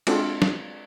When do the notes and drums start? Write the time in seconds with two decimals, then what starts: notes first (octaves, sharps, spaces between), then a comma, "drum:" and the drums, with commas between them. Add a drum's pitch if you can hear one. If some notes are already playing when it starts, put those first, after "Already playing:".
0.07 G#3 C4 D4 F4 F#4 A4, drum: cymbal
0.42 drum: snare